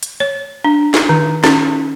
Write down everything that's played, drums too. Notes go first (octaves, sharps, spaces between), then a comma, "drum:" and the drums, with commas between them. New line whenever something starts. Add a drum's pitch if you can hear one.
drum: hi-hat
C#5
D4
drum: snare
D#3
C#4, drum: snare